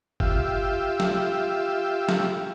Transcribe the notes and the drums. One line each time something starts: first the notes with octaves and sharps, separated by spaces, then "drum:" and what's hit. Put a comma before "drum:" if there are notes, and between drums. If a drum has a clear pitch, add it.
F4 G4 E5, drum: kick
drum: snare
drum: snare